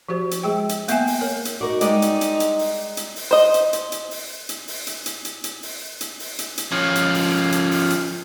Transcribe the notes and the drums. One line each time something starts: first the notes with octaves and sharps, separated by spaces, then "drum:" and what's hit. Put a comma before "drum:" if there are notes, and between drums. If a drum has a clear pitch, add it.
F3 F#4 G4 C5
drum: hi-hat
G#3 G#4 G5
drum: hi-hat
A#3 B3 E5 G5 G#5, drum: hi-hat
drum: open hi-hat
A#4 C#5
drum: hi-hat
D#4 F#4 A#4 D5
G3 G#3 D#4 D5, drum: hi-hat
drum: hi-hat
drum: hi-hat
drum: hi-hat
drum: open hi-hat
drum: hi-hat
drum: open hi-hat
C5 D#5
drum: hi-hat
drum: hi-hat
drum: hi-hat
drum: open hi-hat
drum: hi-hat
drum: open hi-hat
drum: hi-hat
drum: hi-hat
drum: hi-hat
drum: hi-hat
drum: open hi-hat
drum: hi-hat
drum: open hi-hat
drum: hi-hat
drum: hi-hat
F3 C#4
drum: hi-hat
drum: open hi-hat
drum: hi-hat
drum: open hi-hat
drum: hi-hat